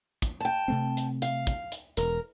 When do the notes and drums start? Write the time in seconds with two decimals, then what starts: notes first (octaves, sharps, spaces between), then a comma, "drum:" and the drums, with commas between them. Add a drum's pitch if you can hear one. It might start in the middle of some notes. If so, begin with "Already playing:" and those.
0.22 drum: kick, hi-hat
0.40 G5 A5
0.68 C3 A3 C4
0.97 drum: hi-hat
1.22 F5, drum: hi-hat
1.47 drum: kick, hi-hat
1.72 drum: hi-hat
1.97 E1 A#4, drum: hi-hat